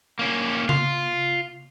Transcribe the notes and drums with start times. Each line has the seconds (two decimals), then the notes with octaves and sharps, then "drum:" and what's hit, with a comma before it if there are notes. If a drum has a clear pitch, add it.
0.19 A#3 C#4
0.69 F4, drum: tom C#3